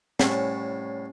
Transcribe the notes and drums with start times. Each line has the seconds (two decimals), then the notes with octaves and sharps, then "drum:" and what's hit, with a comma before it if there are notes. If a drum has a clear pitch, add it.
0.20 C2 A2 C#4 C#5 A5, drum: snare